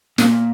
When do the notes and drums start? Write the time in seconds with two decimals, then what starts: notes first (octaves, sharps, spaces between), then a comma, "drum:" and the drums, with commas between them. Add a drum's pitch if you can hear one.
0.18 A#2, drum: snare